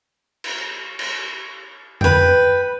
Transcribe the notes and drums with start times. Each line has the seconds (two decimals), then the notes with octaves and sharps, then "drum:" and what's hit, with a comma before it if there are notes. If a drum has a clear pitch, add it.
0.44 drum: cymbal
0.99 drum: cymbal
2.01 B4 G5, drum: tom F2